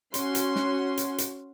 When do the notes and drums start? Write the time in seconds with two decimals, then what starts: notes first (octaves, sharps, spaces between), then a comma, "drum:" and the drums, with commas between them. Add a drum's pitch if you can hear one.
0.14 C#4 F#4 C6, drum: hi-hat
0.35 drum: hi-hat
0.56 drum: snare
0.97 drum: hi-hat
1.18 drum: hi-hat